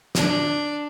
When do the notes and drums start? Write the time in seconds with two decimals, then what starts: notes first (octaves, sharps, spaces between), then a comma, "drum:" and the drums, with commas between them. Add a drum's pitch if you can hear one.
0.15 D4, drum: snare